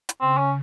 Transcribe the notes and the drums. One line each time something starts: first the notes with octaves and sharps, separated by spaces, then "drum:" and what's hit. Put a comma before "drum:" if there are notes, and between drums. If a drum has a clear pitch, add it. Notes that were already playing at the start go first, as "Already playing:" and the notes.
drum: hi-hat
C#3 C4
C#4